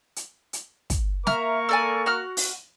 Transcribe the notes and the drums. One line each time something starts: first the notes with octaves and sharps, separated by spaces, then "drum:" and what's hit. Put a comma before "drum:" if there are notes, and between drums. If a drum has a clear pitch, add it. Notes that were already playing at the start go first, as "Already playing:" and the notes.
drum: hi-hat
drum: hi-hat
drum: kick, hi-hat
A#3 A#4 E5 A#5 C#6 F6, drum: snare
A4 D5 G#5
F#4 F#5 F6
drum: open hi-hat